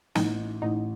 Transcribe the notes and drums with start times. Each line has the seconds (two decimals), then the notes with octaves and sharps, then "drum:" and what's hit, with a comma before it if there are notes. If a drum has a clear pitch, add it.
0.15 A1 D#4, drum: snare
0.62 A1 D#4